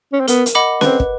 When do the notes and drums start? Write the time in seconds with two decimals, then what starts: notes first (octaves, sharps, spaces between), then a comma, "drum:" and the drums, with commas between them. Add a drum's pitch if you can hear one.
0.13 C#4
0.20 C4
0.28 B3 A#4, drum: hi-hat
0.46 drum: hi-hat
0.55 D#5 F#5 B5 D6
0.81 C4 B4, drum: snare C#4
1.00 drum: kick